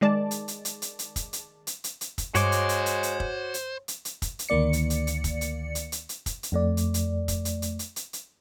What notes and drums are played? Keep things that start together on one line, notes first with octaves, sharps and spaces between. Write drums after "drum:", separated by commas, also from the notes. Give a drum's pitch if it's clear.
D#3 G#3 D5 A5
drum: hi-hat
drum: hi-hat
drum: hi-hat
drum: hi-hat
drum: hi-hat
drum: kick, hi-hat
drum: hi-hat
drum: hi-hat
drum: hi-hat
drum: hi-hat
drum: kick, hi-hat
G2 G#3 F#4 C5 C#5 D6, drum: hi-hat
drum: hi-hat
drum: hi-hat
drum: hi-hat
drum: hi-hat
drum: kick
drum: hi-hat
drum: hi-hat
drum: hi-hat
drum: kick, hi-hat
drum: hi-hat
D2 D#3 A#3 D5 C#7
drum: hi-hat
drum: hi-hat
drum: hi-hat
drum: kick, hi-hat
drum: hi-hat
drum: hi-hat
drum: hi-hat
drum: hi-hat
drum: kick, hi-hat
drum: hi-hat
F2 A3 D5
drum: hi-hat
drum: hi-hat
drum: kick, hi-hat
drum: hi-hat
drum: hi-hat
drum: hi-hat
drum: hi-hat
drum: hi-hat